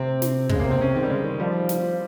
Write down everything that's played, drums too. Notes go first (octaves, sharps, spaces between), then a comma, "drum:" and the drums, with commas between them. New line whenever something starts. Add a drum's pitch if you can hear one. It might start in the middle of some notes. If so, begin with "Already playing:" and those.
Already playing: C3 C4
drum: snare
C#3 G#3, drum: kick
A#3
C3
C4
C3 C#4
D#3 C4
G3
C#3 G#3
D#3
F3 G3
drum: snare